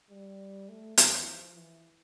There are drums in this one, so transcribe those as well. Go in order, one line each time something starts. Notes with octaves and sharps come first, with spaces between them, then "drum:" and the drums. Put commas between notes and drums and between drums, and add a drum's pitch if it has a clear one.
G3
A3
E3, drum: hi-hat
F3
E3